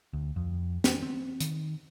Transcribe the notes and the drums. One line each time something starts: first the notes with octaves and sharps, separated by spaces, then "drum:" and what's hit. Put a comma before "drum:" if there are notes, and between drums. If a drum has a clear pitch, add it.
D2
F2
drum: snare
C4
D#3, drum: hi-hat